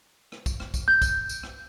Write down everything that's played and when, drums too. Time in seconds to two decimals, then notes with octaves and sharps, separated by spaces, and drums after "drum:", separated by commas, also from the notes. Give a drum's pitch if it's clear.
0.32 drum: rim click
0.46 drum: kick, tambourine
0.60 drum: rim click
0.74 drum: kick, tambourine
0.88 G6
1.02 drum: kick, tambourine
1.29 drum: tambourine
1.43 drum: rim click